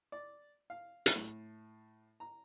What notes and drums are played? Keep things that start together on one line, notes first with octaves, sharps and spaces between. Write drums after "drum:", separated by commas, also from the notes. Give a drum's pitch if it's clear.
D5
F5
drum: hi-hat
A2
A#5